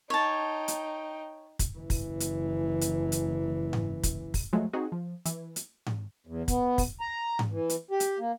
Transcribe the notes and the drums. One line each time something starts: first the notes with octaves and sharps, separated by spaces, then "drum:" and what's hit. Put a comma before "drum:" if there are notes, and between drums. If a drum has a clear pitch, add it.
D#4 C#5 G5 A5
drum: hi-hat
drum: kick, hi-hat
F#1 E3
drum: kick, open hi-hat
drum: hi-hat
drum: hi-hat
drum: hi-hat
drum: tom G#2
drum: kick, hi-hat
drum: kick, open hi-hat
F3 F#3 G#3 A3
C4 D#4 F#4 G#4
F3
E3, drum: hi-hat
drum: hi-hat
drum: tom G#2
E2
B3, drum: kick, hi-hat
drum: kick, open hi-hat
A#5
drum: tom G#2
E3
drum: hi-hat
G4
drum: hi-hat
A#3